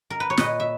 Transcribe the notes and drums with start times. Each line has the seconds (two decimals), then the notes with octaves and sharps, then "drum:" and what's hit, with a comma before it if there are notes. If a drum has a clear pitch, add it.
0.10 A#4
0.20 B4
0.30 C#5
0.37 A#2 B4 D#5, drum: snare
0.60 E5